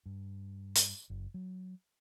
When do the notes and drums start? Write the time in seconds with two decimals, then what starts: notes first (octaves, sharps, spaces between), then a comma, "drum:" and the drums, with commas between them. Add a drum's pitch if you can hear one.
0.06 G2
0.75 drum: hi-hat
1.10 F#1
1.34 F#3